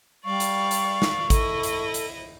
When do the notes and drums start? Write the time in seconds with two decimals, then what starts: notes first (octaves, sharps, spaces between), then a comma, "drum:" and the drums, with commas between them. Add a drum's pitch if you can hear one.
0.25 G3 D5 F5 C#6
0.40 drum: hi-hat
0.71 drum: hi-hat
1.02 drum: snare
1.30 E4 A4 D#5, drum: kick G#1, hi-hat
1.63 drum: hi-hat
1.94 drum: hi-hat